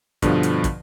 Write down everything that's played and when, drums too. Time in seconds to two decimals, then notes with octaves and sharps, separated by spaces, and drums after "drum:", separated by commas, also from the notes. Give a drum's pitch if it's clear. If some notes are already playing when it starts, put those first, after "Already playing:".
0.22 G2 B2 D3 F3, drum: kick, hi-hat
0.43 drum: hi-hat
0.64 drum: kick, hi-hat